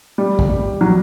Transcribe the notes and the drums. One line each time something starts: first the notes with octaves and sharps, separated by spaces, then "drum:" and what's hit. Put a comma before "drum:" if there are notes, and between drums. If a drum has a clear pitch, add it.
G3
drum: kick
G3
F#3